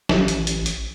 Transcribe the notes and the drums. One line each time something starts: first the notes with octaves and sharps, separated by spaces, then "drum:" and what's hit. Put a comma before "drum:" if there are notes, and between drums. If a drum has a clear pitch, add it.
A1, drum: snare
drum: hi-hat
drum: hi-hat
drum: hi-hat